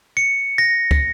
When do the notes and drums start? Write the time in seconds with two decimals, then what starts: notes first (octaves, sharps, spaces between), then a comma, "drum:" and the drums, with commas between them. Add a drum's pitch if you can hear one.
0.17 C#7
0.58 A#6
0.91 drum: kick